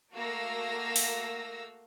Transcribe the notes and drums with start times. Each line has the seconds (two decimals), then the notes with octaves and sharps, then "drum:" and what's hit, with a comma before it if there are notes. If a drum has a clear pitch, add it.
0.13 A3 A#3 F#4 F5 E6 A#6
0.96 drum: open hi-hat